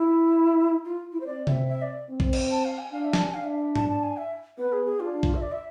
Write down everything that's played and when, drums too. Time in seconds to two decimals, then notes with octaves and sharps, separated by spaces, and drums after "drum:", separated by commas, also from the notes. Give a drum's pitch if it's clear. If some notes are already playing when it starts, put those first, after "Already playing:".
Already playing: E4
0.85 F4
1.13 E4
1.20 C5
1.26 C4 D5
1.47 E5, drum: tom C3
1.68 E5
1.82 D5
2.09 C4
2.20 drum: kick
2.33 drum: cymbal
2.51 A5
2.65 F5
2.78 G#5
2.92 D4 F5
3.03 E5
3.13 A5, drum: snare
3.24 G#5
3.34 D4 F5
3.44 E5
3.55 E5
3.76 A5, drum: tom G#2
3.89 A5
4.03 G#5
4.17 E5
4.58 B3 B4
4.72 G#4
4.86 G#4
5.00 D4 F4
5.23 drum: kick
5.35 E5
5.41 D5
5.52 E5